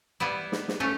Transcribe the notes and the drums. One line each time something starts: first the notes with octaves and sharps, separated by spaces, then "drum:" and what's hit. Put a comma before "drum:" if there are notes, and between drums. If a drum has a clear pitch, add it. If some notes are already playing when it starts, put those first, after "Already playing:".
G3 B3 E4
drum: snare
drum: snare
A3 C#4